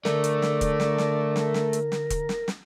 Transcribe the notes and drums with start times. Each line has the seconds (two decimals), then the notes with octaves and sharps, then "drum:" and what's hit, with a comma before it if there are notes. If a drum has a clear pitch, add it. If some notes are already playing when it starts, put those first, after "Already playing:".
0.05 D3 A3 A#4 D5, drum: snare
0.24 drum: hi-hat
0.42 drum: snare
0.61 drum: kick E1, hi-hat
0.80 drum: snare
0.98 drum: snare
1.36 drum: snare
1.54 drum: snare
1.73 drum: hi-hat
1.92 drum: snare
2.10 drum: kick E1, hi-hat
2.29 drum: snare
2.48 drum: snare